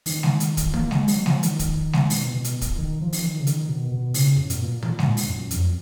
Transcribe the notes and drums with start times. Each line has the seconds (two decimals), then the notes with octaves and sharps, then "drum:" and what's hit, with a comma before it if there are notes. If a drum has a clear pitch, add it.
0.06 D#3, drum: open hi-hat
0.23 drum: snare
0.40 drum: hi-hat
0.57 drum: kick, hi-hat
0.74 A#3, drum: tom
0.91 G#3, drum: snare
1.08 F#3, drum: open hi-hat
1.26 F3, drum: snare
1.43 D#3, drum: hi-hat
1.59 drum: kick, hi-hat
1.93 drum: snare
2.10 B2, drum: open hi-hat
2.34 B2
2.44 drum: hi-hat
2.61 drum: kick, hi-hat
2.78 D#3
3.02 F3
3.13 drum: open hi-hat
3.23 D#3
3.41 C#3
3.47 D#3, drum: hi-hat
3.69 B2
3.92 B2
4.14 C#3, drum: open hi-hat
4.37 F#2
4.50 B2, drum: hi-hat
4.60 A#2
4.82 A#2, drum: tom
4.99 G#2, drum: snare
5.06 A#2
5.17 drum: open hi-hat
5.28 F#2
5.51 F2, drum: hi-hat